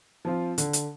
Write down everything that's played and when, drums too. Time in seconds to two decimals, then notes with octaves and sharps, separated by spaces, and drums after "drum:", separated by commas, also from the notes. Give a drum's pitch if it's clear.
0.25 F3 C4 F4
0.58 D3, drum: hi-hat
0.73 drum: hi-hat